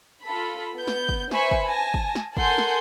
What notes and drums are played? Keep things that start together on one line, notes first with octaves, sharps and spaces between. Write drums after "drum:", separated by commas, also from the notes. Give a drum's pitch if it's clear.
F4 A4 B5
B3 G6
drum: snare
drum: kick
B4 C5 E5 G#5 B5 C#6, drum: snare
drum: kick
G#5 A5 A#6
drum: kick
drum: snare
A4 A#4 F#5 G#5 C6 G6, drum: kick
drum: snare